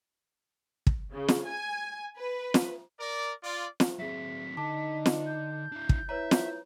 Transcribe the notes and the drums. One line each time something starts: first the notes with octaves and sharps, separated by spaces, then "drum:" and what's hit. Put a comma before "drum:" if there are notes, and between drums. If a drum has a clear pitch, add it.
drum: kick
C#3
drum: snare
G#5
B4
drum: snare
A#4 D5
F4 D5
drum: snare
F#3 C4 G#4 E5 B6
D3 D#4 A5 D6
drum: snare
G6
D4 E4
drum: kick
E4 B4 C#5 E5 A#5
drum: snare